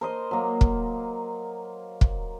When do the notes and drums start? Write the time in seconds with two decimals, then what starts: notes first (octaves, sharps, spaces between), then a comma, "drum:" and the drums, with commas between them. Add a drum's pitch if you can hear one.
0.01 A#4 C5 D#5
0.31 F#3 A#3
0.61 drum: kick
2.01 drum: kick